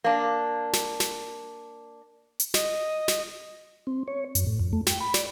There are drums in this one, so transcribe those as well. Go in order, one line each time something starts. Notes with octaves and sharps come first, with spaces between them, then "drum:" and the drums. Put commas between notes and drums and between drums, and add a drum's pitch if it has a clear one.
A#3 D4
drum: snare
drum: snare
drum: hi-hat
D#5, drum: snare
drum: snare
C4
C#5
F#2, drum: hi-hat
A2
F2
A3
G5, drum: snare
B5
D5, drum: snare